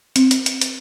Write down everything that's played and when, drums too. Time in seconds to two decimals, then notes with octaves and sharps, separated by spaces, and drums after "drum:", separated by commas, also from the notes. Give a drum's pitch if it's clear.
0.16 C4, drum: hi-hat
0.31 drum: hi-hat
0.46 drum: hi-hat
0.61 drum: hi-hat